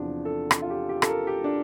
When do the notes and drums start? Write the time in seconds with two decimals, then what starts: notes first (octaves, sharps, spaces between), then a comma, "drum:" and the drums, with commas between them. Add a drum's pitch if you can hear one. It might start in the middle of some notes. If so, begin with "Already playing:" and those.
Already playing: E2 C3 F3 D4
0.25 A4
0.51 drum: rim click
0.62 F4
0.70 G4
0.89 G4
1.02 A4, drum: rim click
1.08 A#4
1.27 G4
1.44 D4